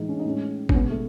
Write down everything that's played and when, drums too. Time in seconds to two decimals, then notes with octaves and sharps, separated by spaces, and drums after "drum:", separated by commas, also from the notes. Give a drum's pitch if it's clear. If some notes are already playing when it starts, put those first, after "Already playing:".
Already playing: A2 E3 G#3 D#4
0.09 C#4
0.19 D#4
0.25 A2 G#3 C#4
0.69 C#4, drum: kick G1
0.74 B2 G#3 B3
0.90 A3